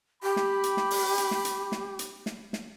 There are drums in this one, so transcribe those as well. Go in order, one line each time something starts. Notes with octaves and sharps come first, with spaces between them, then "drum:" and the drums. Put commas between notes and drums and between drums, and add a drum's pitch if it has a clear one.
G4 B5
drum: snare
drum: hi-hat
drum: snare
drum: open hi-hat
drum: hi-hat
drum: snare
drum: hi-hat
drum: snare
drum: hi-hat
drum: snare
drum: snare